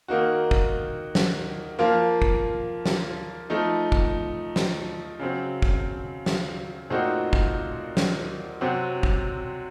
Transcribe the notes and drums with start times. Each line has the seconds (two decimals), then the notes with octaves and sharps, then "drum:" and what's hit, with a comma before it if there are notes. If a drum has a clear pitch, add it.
0.08 D#3 A#3 D#4 F#4
0.51 drum: kick
1.15 drum: snare
1.79 F3 A#3 F4
2.22 drum: kick
2.86 drum: snare
3.50 F3 A3 D#4
3.92 drum: kick
4.56 drum: snare
5.19 C#3 F#3 C4
5.62 drum: kick
6.26 drum: snare
6.90 A#2 A3 C4 D#4 F#4
7.33 drum: kick
7.97 drum: snare
8.61 C3 F#3 C4 F#4
9.03 drum: kick